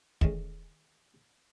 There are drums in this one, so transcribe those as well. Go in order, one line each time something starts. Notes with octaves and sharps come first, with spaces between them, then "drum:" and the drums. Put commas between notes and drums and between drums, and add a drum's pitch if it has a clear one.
D#3 E3 G#3 A3 C#4, drum: kick